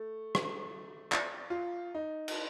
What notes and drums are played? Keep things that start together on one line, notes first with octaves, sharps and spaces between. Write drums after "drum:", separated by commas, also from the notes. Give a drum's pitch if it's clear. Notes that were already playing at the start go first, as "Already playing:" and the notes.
Already playing: A3
drum: rim click
drum: clap
F4
D#4
drum: cymbal